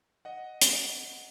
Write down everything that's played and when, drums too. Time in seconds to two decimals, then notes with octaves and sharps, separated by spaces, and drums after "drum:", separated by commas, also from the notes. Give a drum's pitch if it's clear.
0.25 D#5 F#5
0.62 drum: hi-hat